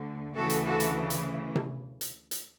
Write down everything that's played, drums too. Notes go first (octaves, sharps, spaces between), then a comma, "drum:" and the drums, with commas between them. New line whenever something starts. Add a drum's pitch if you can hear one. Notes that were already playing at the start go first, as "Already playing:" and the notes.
Already playing: D2 D3
D2 C#3 E3 F#4 A4
drum: hi-hat
F#4 A4
drum: hi-hat
drum: hi-hat
drum: tom C3
drum: hi-hat
drum: hi-hat